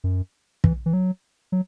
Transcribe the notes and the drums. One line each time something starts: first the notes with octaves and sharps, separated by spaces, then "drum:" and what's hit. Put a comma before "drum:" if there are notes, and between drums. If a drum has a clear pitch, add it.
F#2
E3, drum: kick
E3
F#3
F#3